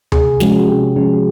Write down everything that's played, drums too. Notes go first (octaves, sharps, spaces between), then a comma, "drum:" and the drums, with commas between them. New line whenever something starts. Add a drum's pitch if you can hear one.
C3 G#4, drum: tom D2
F3 G#3 C#4 F#4, drum: snare
F#4
C3 G4
F3 G#3 C#4